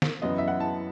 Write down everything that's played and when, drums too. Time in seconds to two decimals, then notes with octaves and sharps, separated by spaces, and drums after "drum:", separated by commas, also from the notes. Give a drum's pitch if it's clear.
0.02 drum: snare
0.22 F#2 E3 B3 D#5
0.38 E5
0.48 F#5
0.60 A5